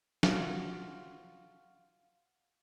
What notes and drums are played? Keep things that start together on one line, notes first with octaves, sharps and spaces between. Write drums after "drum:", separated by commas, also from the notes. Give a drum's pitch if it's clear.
F4 F#4 F5, drum: snare